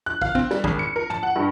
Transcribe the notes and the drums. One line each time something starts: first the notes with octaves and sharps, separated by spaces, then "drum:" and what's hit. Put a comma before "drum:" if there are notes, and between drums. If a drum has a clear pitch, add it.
F#6
F5, drum: kick
C4, drum: kick
G3, drum: snare
G#1, drum: kick
C#7
A#4
A5, drum: tom
F#5
G2